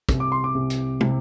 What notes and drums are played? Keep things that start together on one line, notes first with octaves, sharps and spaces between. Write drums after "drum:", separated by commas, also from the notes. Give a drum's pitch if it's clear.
C2, drum: kick, hi-hat
D6
C6
D6
C2
drum: hi-hat
C3, drum: tom